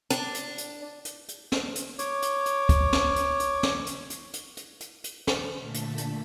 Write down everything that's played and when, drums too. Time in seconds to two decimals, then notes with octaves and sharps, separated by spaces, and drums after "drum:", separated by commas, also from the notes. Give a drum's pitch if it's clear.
0.10 D4, drum: hi-hat
0.34 drum: hi-hat
0.58 drum: hi-hat
1.05 drum: hi-hat
1.28 drum: hi-hat
1.52 drum: snare
1.75 drum: hi-hat
1.99 C#5 D6, drum: hi-hat
2.22 drum: hi-hat
2.46 drum: hi-hat
2.69 drum: kick, hi-hat
2.93 drum: snare
3.16 drum: hi-hat
3.40 drum: hi-hat
3.63 drum: snare
3.87 drum: hi-hat
4.10 drum: hi-hat
4.33 drum: hi-hat
4.57 drum: hi-hat
4.80 drum: hi-hat
5.04 drum: hi-hat
5.27 drum: snare
5.58 A#2 D3 A3 A5 B6
5.74 drum: hi-hat
5.98 drum: hi-hat